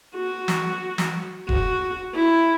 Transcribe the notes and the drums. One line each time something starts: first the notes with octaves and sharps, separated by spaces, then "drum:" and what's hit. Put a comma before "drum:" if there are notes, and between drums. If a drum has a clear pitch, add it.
F#4
drum: snare
drum: snare
F#4, drum: kick F1
E4